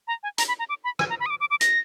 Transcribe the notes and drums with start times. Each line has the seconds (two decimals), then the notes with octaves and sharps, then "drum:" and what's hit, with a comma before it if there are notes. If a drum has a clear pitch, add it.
0.08 A#5
0.23 G#5
0.38 A#5, drum: hi-hat
0.48 B5
0.59 A#5
0.69 D6
0.84 B5
0.99 G#5, drum: rim click
1.10 A#5
1.20 B5
1.26 D#6
1.30 D6
1.40 D6
1.50 D6
1.61 A#6, drum: hi-hat